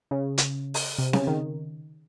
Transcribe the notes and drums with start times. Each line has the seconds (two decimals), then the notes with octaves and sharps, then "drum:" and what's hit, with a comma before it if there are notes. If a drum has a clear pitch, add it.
0.11 C#3
0.38 drum: hi-hat
0.74 drum: open hi-hat
0.98 C3
1.13 C#3, drum: snare C4
1.27 D#3